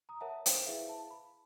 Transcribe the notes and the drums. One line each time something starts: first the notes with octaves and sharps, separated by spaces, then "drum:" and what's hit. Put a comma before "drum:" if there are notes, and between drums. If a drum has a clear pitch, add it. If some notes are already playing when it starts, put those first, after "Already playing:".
A#5 D#6
A#4 C#5 E5 F#5 A5
C5 F5 G5 D7, drum: hi-hat
E4 G#4 B4 E5 F5
A5
B5